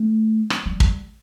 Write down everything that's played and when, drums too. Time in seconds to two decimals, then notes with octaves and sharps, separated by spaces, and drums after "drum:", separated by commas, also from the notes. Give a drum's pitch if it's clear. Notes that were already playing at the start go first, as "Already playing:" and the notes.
Already playing: A3
0.50 drum: rim click
0.66 G3
0.80 drum: kick